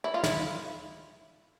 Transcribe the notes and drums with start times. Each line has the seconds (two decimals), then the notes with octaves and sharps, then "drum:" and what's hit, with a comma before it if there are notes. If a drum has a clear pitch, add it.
0.04 E4
0.14 F4
0.24 E4, drum: snare